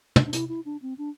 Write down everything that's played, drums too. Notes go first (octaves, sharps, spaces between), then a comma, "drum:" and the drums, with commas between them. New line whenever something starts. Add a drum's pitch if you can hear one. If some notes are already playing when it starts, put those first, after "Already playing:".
D4, drum: tom
D4
E4, drum: hi-hat
E4
D4
C4
D4